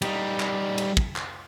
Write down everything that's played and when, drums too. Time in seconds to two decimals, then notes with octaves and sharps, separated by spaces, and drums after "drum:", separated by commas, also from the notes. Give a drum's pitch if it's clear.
0.02 G3 D#4, drum: cymbal
0.40 drum: clap
0.78 drum: cymbal
0.97 drum: kick
1.16 drum: clap